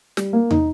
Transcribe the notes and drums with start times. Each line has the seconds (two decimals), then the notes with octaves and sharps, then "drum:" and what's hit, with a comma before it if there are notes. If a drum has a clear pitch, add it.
0.17 G3, drum: snare
0.33 A#3
0.51 D#4, drum: tom